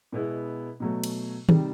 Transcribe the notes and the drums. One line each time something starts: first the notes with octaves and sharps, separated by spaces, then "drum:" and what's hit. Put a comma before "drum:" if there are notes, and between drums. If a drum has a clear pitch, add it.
B2 G#3 B3 E4
B2 F#3 A3
drum: cymbal
C3 D#3 G3, drum: tom D#3